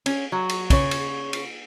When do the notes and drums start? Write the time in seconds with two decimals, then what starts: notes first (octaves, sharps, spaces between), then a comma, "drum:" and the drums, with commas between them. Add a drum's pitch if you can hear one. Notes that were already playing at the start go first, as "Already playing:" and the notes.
0.06 C#4, drum: cymbal
0.32 F#3
0.49 drum: cymbal
0.70 C#3 C#5, drum: kick, cymbal
0.91 drum: cymbal
1.33 drum: cymbal